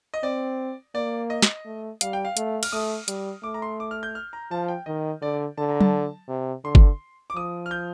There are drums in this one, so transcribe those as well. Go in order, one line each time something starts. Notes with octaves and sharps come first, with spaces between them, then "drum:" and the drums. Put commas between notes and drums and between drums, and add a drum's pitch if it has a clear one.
D#5
C4 D5
A#3 D5
D#5
drum: snare
A3
G3 F5, drum: hi-hat
G5
F5
A3, drum: hi-hat
F6, drum: cymbal
A3 D#6
G3, drum: hi-hat
A3 D6
A#5
C6
D6
F6
G6
F6
A#5
F3 A5
G5
D#3 D#5
D3 D5
D3 A5
A#5
A5, drum: tom F#3
C3
D3 C6
drum: kick G1
D6
F3 D#6
F6
G6